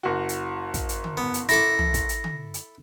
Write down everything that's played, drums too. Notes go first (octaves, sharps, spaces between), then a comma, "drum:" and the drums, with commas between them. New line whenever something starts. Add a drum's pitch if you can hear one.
F#1 F#4
drum: hi-hat
drum: kick, hi-hat
drum: hi-hat
drum: tom D3
B3
drum: hi-hat
E4 A4 D6 A#6, drum: hi-hat
drum: tom
drum: kick, hi-hat
drum: hi-hat
drum: tom D3
drum: hi-hat